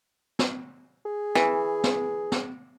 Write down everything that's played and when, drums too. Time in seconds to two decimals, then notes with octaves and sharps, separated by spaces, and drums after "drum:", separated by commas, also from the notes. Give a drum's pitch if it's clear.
0.39 drum: snare
1.05 G#4
1.35 E3, drum: snare
1.84 drum: snare
2.32 drum: snare